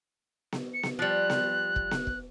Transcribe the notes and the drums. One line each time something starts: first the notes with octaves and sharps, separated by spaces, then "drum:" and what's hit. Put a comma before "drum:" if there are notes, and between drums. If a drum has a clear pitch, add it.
drum: snare B3
C#7
drum: snare B3
F3 G3 F#6
drum: snare B3
drum: kick
drum: snare B3
drum: kick